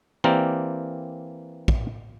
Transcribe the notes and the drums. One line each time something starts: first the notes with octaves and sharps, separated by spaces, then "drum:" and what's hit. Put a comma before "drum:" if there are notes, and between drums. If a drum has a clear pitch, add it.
E3 A#3 C4 G4 A#4 D5
drum: kick